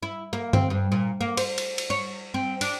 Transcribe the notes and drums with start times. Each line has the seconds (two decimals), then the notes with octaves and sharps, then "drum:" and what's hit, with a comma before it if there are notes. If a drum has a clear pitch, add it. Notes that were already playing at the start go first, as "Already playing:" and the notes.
0.03 E4
0.33 A#3
0.53 C4, drum: tom G2
0.70 G2
0.92 A#2
1.21 A#3
1.37 C5, drum: cymbal
1.58 drum: cymbal
1.78 drum: cymbal
1.90 C#5
2.34 C4
2.61 D4, drum: cymbal